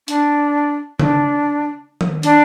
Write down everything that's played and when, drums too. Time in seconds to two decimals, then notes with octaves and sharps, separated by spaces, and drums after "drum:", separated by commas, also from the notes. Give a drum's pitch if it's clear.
0.08 D4, drum: hi-hat
1.00 D4, drum: tom C#3
2.01 drum: tom D#3
2.23 D4, drum: hi-hat